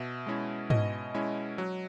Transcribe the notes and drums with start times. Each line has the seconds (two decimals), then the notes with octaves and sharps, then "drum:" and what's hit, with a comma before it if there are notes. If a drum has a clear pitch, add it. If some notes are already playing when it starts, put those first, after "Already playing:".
Already playing: B2 E5
0.26 G#3 C#4 E4
0.70 B2 D#5, drum: tom G#2
1.15 G#3 C#4 E4
1.58 F#3